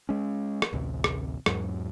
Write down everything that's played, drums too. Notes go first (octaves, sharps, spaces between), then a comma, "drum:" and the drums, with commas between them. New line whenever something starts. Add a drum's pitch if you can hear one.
G#3 C#4
drum: rim click
A1 D2 C3
drum: rim click
E2 G#2 F#3, drum: rim click